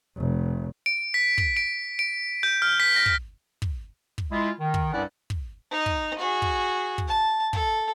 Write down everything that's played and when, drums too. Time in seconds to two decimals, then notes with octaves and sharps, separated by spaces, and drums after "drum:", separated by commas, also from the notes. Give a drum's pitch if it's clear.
0.17 F1
0.86 D7
1.14 B6
1.38 drum: kick
1.57 D7
1.99 D7
2.43 G6
2.62 F6
2.80 B6
2.96 A#6
3.06 drum: kick
3.62 drum: kick
4.18 drum: kick
4.32 G#3 E4 F4
4.60 D#3
4.74 drum: kick
4.93 C2 G2 C#4 E4 D5 F#5
5.30 drum: kick
5.71 D#4 D#5
5.86 drum: kick
6.19 F#4 G#4
6.42 drum: kick
6.98 drum: kick
7.08 A5
7.53 A4, drum: kick